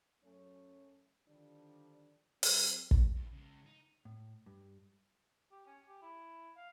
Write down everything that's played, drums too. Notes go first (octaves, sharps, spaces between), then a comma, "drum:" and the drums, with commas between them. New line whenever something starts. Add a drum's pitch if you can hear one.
F#2 A3 C#4
D3 D#3 F3 G3 D4
F#3 G#3 C4, drum: open hi-hat
drum: kick
E2
C#3 G#3
D#4
A2
G2
G4
C#4
G4
E4
F5